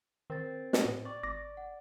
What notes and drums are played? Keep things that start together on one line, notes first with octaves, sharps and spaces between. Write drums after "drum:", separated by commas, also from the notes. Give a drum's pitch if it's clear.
D#3 C4 A#4 A6
drum: snare
A2
D5 C#6
G#1 D6 A#6
F#5